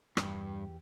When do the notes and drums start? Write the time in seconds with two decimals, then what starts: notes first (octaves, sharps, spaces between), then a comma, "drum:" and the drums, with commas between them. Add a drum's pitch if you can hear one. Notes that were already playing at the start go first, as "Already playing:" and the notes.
0.17 E2 G2 G4, drum: rim click